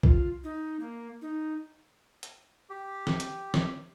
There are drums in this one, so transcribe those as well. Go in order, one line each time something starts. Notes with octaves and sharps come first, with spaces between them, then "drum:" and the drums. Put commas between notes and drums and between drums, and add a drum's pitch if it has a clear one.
F4, drum: kick B1
D#4
A#3
D#4
drum: hi-hat
G4
drum: snare
drum: hi-hat
drum: snare